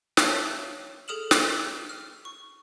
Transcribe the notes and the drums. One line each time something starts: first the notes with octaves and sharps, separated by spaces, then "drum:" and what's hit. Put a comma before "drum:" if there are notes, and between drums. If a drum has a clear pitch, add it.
C#5 E5 F5 A5 E6, drum: snare
G#4 A4 D#6 F6 E7 F#7
D6 E6 F#7, drum: snare
F6
C#6